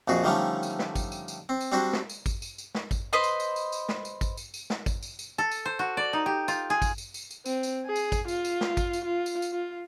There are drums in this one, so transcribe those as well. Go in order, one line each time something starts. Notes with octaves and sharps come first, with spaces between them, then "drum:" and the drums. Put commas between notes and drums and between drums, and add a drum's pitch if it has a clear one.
A#1 F2 F#4 G#4
D3 D#3 F3 G3 A3 C#4
drum: tambourine
drum: snare
drum: kick G#1, tambourine
drum: tambourine
drum: tambourine
C4
drum: tambourine
G3 C4 D4 F#4
drum: snare
drum: tambourine
drum: kick G#1, tambourine
drum: tambourine
drum: tambourine
drum: snare
drum: kick G#1, tambourine
B4 C5 D#5 C6
drum: tambourine
drum: tambourine
drum: tambourine
drum: tambourine
drum: snare
drum: tambourine
drum: kick G#1, tambourine
drum: tambourine
drum: tambourine
drum: snare
drum: kick G#1, tambourine
drum: tambourine
drum: tambourine
A4
drum: tambourine
C5
F#4
D5
D#4
G4
F4, drum: tambourine
G#4
drum: kick G#1, tambourine
drum: tambourine
drum: tambourine
drum: tambourine
C4, drum: tambourine
drum: tambourine
G#4
drum: tambourine
drum: kick G#1, tambourine
F4, drum: tambourine
drum: tambourine
drum: snare
drum: kick G#1, tambourine
drum: tambourine
F4
drum: tambourine
drum: tambourine
F4